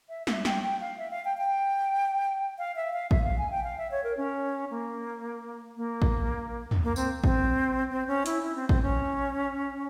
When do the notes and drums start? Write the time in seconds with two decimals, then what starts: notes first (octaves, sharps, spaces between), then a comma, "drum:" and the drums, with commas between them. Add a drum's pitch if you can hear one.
0.09 E5
0.27 E5, drum: snare
0.45 G5, drum: snare
0.63 G5
0.81 F5
0.98 E5
1.11 F5
1.25 G5
1.38 G5
2.58 F5
2.76 E5
2.93 F5
3.11 E5, drum: kick A1
3.24 F5
3.38 G#5
3.51 G5
3.64 F5
3.78 E5
3.91 C#5
4.04 A#4
4.17 C#4
4.71 A#3
5.77 A#3
6.02 drum: kick A1
6.71 drum: tom
6.84 A#3
6.96 C4, drum: tambourine
7.24 C4, drum: kick A1
7.90 C4
8.07 C#4
8.26 E4, drum: hi-hat
8.43 E4
8.56 C4
8.69 C4, drum: kick A1
8.82 C#4